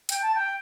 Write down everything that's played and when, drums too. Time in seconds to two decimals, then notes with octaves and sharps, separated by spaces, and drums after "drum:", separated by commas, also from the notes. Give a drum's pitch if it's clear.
0.09 G5, drum: hi-hat
0.21 A5
0.34 G5